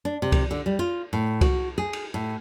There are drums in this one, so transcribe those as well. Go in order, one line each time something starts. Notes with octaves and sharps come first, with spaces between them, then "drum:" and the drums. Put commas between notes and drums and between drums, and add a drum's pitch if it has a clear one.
D4
C3
drum: kick C2, cymbal
D3
G3
F4
A2
F#4, drum: kick C2, cymbal
G#4
drum: cymbal
A2